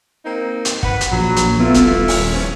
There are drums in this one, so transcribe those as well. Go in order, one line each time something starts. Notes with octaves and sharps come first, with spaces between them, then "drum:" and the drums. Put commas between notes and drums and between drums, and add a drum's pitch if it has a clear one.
A#3 C4 D#4
drum: hi-hat
B4 F#5, drum: kick
drum: hi-hat
A#1 F#3
drum: hi-hat
A3 B3 E4 F4
D#1, drum: hi-hat
drum: open hi-hat
E3 F3 C#4